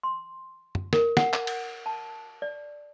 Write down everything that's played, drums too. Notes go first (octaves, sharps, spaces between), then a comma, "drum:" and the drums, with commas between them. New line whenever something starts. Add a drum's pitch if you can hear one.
C6
drum: tom
A#4, drum: snare
F#5, drum: snare
drum: clap
drum: cymbal
A5
D5